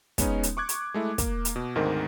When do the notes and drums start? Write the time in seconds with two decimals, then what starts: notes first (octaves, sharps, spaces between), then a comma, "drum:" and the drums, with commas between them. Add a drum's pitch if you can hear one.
0.18 G#3 B3 C#4 D#4, drum: kick, hi-hat
0.43 drum: hi-hat
0.57 C#6 D6 F#6 G#6
0.69 drum: hi-hat
0.94 G#3 A3 E4
1.18 A#3, drum: kick, hi-hat
1.45 drum: hi-hat
1.56 B2
1.75 D2 G#2 D#3 C4 A#4